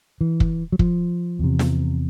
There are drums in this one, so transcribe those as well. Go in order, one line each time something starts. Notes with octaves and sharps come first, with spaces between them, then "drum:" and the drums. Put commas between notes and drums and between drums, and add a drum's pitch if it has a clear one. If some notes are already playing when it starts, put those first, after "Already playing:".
E3
drum: kick
F#3
F3, drum: kick
E2 C3
drum: snare